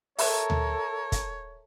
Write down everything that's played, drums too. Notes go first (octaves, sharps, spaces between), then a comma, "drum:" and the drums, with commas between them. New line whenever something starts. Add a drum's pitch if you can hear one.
A4 A#4 C#5 E5, drum: open hi-hat
drum: tom D2
drum: kick, hi-hat